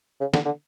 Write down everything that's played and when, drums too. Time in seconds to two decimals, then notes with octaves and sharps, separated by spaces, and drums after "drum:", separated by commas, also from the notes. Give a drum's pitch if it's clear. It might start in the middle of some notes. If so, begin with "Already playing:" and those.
0.21 C#3
0.34 D3, drum: snare
0.46 D3